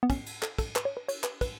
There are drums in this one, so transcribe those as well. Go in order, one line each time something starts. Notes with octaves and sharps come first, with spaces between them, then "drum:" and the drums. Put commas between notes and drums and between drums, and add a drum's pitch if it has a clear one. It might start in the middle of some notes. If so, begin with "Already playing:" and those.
B3
C#4, drum: kick, cymbal
drum: cymbal
A4, drum: clap
A4, drum: kick, cymbal
B4, drum: clap
C#5
B4
C#5, drum: cymbal
B4, drum: clap
B4, drum: kick, cymbal